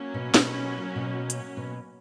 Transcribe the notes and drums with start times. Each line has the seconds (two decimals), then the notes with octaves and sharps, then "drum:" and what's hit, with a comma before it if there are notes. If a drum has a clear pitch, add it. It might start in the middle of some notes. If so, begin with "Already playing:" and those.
Already playing: F#3 A#3 C#4
0.14 B2
0.34 B2, drum: snare
0.96 B2
1.30 drum: hi-hat
1.57 B2